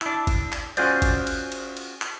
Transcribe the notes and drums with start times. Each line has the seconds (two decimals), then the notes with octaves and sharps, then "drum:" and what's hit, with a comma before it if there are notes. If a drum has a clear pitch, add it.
0.01 D4 E4, drum: clap
0.27 drum: kick G1, cymbal
0.52 drum: clap
0.77 C#4 F4 F#4 G#4 C5 D5, drum: cymbal
1.02 drum: kick G1, cymbal
1.27 drum: cymbal
1.52 drum: cymbal
1.77 drum: cymbal
2.02 drum: clap